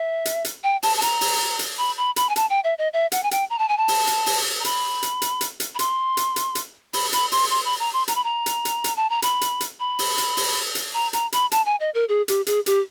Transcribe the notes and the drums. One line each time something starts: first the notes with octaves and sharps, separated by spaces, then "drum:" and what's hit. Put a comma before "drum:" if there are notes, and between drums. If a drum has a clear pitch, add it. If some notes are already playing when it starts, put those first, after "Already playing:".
Already playing: E5
drum: hi-hat
drum: hi-hat
G5
A5, drum: open hi-hat
A5
A#5, drum: hi-hat
drum: open hi-hat
drum: hi-hat
B5
B5
B5, drum: hi-hat
G#5
A5, drum: hi-hat
G5
E5
D#5
E5
F#5, drum: hi-hat
G#5
G5, drum: hi-hat
A#5
A5
G#5
A5
drum: open hi-hat
drum: hi-hat
drum: open hi-hat
A#5
B5, drum: hi-hat
drum: hi-hat
drum: hi-hat
drum: hi-hat
drum: hi-hat
B5
C6, drum: hi-hat
drum: hi-hat
drum: hi-hat
drum: hi-hat
B5, drum: open hi-hat
B5, drum: hi-hat
C6, drum: open hi-hat
C6
B5
A#5
C6
A#5, drum: hi-hat
B5
A#5
drum: hi-hat
drum: hi-hat
drum: hi-hat
A5
A#5
B5, drum: hi-hat
drum: hi-hat
drum: hi-hat
B5
drum: open hi-hat
drum: hi-hat
drum: open hi-hat
drum: hi-hat
A#5
A#5, drum: hi-hat
B5, drum: hi-hat
A5, drum: hi-hat
G#5
D#5
A#4
G#4
G4, drum: hi-hat
G#4, drum: hi-hat
G4, drum: hi-hat